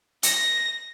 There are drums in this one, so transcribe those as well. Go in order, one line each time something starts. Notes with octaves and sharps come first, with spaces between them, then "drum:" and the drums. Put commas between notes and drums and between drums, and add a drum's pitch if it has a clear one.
A#6, drum: hi-hat